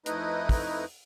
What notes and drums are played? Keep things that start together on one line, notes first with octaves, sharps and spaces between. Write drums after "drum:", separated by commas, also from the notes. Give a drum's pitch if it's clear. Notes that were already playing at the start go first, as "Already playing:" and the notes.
F2 A3 D#4 E4 B4 D#5, drum: hi-hat
drum: kick, open hi-hat